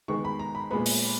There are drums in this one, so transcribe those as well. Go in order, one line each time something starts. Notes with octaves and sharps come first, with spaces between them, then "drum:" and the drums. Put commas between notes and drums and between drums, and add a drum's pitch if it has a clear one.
D#3 G#3 B3 C#6
B5
A#5
B5
A#2 G#3 B3 B5
drum: open hi-hat